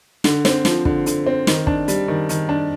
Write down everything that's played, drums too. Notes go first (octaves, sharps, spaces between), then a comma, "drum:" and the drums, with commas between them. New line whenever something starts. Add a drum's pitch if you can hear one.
D3, drum: snare
C4, drum: snare
F3, drum: snare
D3, drum: kick
D3, drum: hi-hat
C4
D#3, drum: snare
D4, drum: kick
G3, drum: hi-hat
D#3
D#3, drum: hi-hat
D4